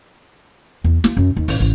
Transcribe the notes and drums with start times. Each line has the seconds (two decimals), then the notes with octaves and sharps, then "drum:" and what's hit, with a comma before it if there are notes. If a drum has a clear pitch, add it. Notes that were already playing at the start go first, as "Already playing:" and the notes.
0.84 E2
1.04 A#3, drum: snare
1.17 F#2
1.37 D#2
1.48 A1, drum: open hi-hat
1.60 A1